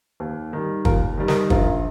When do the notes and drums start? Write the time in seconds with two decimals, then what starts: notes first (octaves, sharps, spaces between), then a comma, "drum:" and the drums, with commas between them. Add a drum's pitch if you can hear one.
0.20 D#2
0.53 D#3 G3
0.85 D#2 F4 A#4, drum: kick
1.17 D#3 G3
1.28 A#4 D#5, drum: snare
1.50 A#1 F4 A#4, drum: kick